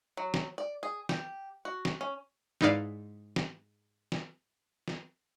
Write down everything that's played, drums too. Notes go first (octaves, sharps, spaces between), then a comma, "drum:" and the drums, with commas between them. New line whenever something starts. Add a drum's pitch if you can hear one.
F#3
drum: snare
D5
G#4
G4, drum: snare
F#4
drum: snare
C#4
G#2 D#4 E4 B4 D5 F5, drum: snare
drum: snare
drum: snare
drum: snare